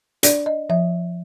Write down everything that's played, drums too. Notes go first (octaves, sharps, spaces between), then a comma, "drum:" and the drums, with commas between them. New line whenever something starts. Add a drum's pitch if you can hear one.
D4 D5, drum: hi-hat
D#5
F3 E5